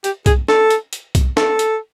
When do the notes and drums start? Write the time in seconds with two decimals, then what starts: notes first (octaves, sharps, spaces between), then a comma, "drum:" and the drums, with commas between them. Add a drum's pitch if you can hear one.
0.04 G4, drum: hi-hat
0.26 G#4, drum: kick B1, hi-hat
0.48 A4, drum: snare
0.70 drum: hi-hat
0.93 drum: hi-hat
1.15 drum: kick B1, hi-hat
1.37 A4, drum: snare
1.59 drum: hi-hat